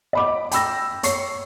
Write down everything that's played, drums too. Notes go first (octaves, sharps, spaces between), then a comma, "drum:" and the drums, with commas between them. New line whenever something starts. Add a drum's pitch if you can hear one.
D#5 B5 D6
G5 B5 E6 A#6, drum: hi-hat
C#5 C#6 C7, drum: hi-hat